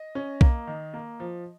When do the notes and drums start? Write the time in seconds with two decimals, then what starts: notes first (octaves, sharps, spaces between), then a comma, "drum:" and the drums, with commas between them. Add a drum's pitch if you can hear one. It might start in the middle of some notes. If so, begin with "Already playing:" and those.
Already playing: D#5
0.15 C#4
0.41 A#3, drum: kick B1
0.67 D#3
0.94 A#3
1.20 F3